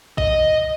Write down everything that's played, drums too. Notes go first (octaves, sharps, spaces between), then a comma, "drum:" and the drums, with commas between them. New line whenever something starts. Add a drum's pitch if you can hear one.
D#5, drum: kick